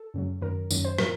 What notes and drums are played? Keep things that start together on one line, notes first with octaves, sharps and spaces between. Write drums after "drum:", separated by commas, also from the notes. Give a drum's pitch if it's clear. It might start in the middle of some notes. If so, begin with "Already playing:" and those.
Already playing: A4
F#2 C#3 F#3
F#2 D#3 F#3 A#4
F#2 D#3 F#3, drum: tambourine
C5
A2 F3 A#4, drum: rim click